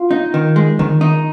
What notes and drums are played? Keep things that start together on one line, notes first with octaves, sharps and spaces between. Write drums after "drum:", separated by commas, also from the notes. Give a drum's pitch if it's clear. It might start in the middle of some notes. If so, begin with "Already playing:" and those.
Already playing: F4
D#4
D#3
G#3
D#3, drum: tom D3
D#4